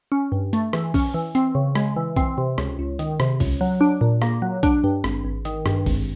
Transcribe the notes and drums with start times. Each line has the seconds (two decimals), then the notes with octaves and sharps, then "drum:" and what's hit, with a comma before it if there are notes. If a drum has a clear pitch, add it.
0.12 C#4
0.32 G2
0.53 A3, drum: hi-hat
0.73 E3, drum: rim click
0.94 C#4, drum: kick B1, open hi-hat
1.14 E3
1.35 C4, drum: hi-hat
1.55 C#3
1.75 G#3, drum: rim click
1.96 E3
2.16 C4, drum: kick B1, hi-hat
2.38 C3
2.58 C#2, drum: rim click
2.79 C#2
2.99 D#3, drum: hi-hat
3.20 C3, drum: rim click
3.40 C#2, drum: kick B1, open hi-hat
3.61 F#3
3.81 D4
4.01 A#2
4.22 A#3, drum: rim click
4.42 F#3
4.63 D4, drum: kick B1, hi-hat
4.84 G2
5.04 G#1, drum: rim click
5.25 G#1
5.45 D#3, drum: hi-hat
5.66 G2, drum: rim click
5.86 G#1, drum: kick B1, open hi-hat